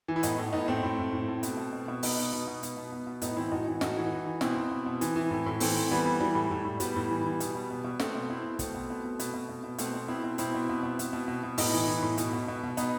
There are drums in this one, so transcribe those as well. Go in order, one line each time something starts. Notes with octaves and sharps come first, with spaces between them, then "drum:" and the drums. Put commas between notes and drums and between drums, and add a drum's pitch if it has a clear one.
E3
E4
A2 B3 D#4, drum: hi-hat
A2
A2 B3 D#4
A2 A3 C4
A2
A2
A2
A2
B2, drum: hi-hat
B2
B2
B2
B2 B3 D#4, drum: open hi-hat
B2
B2
B2
B2, drum: hi-hat
B2
B2
B2
A2 B3 D#4, drum: hi-hat
E3 C4 E4
A2 D#4 F#4
E3
A2 D#4 F#4, drum: snare
E3
E3
E3
B2 C4 E4, drum: snare
B2
B2
B2
E3, drum: hi-hat
E3
A2
A2
E3 A3 C4, drum: open hi-hat
E3
E3 G3 B3
E3
E3 G3
A2
A2
A2
A2 G3 B3, drum: hi-hat
A2
E3
E3
B2, drum: hi-hat
B2
B2
B2
B2 A3 C4, drum: snare
B2
B2 C4 E4
B2
B2 A3 C4, drum: kick, hi-hat
B2
B2
B2
B2, drum: hi-hat
B2
B2
B2
B2 A3 C4, drum: hi-hat
B2
B2 C4 E4
B2
B2 C4 E4, drum: hi-hat
B2
B2
B2
B2, drum: hi-hat
B2
B2
B2
A2 B3 D#4, drum: open hi-hat
E3
E3
A2
B2, drum: hi-hat
B2
B2
B2
B2 B3 D#4, drum: hi-hat